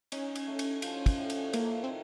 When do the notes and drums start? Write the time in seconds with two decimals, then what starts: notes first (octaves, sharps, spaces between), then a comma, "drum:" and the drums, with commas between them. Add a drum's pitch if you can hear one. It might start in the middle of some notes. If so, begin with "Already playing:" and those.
0.12 C#4 D#4, drum: cymbal
0.35 drum: cymbal
0.47 A3
0.59 drum: cymbal
0.82 F3, drum: cymbal
1.06 drum: kick, cymbal
1.18 A2
1.30 drum: cymbal
1.53 A3 A#3, drum: cymbal
1.84 C4
1.88 D#3